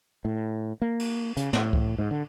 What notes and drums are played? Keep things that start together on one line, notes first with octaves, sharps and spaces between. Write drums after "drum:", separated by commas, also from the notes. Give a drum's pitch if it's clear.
A2
A#3
drum: cymbal
C#3, drum: hi-hat
A2, drum: snare
drum: kick C2
G#2
D3